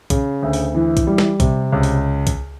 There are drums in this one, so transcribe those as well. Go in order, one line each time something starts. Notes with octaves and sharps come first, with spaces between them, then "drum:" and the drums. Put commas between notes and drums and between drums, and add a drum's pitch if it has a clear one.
C#3, drum: kick, hi-hat
D2
drum: open hi-hat
E3
drum: kick, hi-hat
G3
drum: snare
C3, drum: kick, hi-hat
C#2
drum: open hi-hat
drum: kick, hi-hat